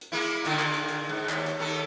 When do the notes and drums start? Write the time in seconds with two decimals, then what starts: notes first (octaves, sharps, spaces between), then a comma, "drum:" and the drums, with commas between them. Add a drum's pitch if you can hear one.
0.01 drum: hi-hat
0.12 G#3 A#3 E4
0.45 A#2 D3 D#3, drum: hi-hat
0.59 drum: clap
0.74 drum: hi-hat
0.88 drum: hi-hat
1.09 G#2
1.29 D#2, drum: clap
1.46 drum: hi-hat
1.59 D#2 D#3 A4